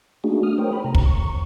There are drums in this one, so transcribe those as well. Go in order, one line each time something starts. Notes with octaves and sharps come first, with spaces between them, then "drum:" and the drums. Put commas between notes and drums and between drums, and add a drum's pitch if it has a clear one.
A3 A#3 D4 D#4 F#4 G#4
D#6 F6
A3 A#4 C5 C#5 G5
C#5 B5
C3 A#5
drum: kick
D#2 C#6